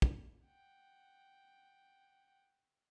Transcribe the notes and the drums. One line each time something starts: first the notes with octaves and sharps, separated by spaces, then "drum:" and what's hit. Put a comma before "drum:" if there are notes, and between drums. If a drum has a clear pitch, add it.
drum: kick
F#5 G5